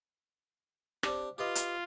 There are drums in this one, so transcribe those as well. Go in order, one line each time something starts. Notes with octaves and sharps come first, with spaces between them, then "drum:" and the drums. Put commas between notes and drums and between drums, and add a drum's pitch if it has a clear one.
C4 D4 G4, drum: rim click
F4 G4 B4 D#5
drum: hi-hat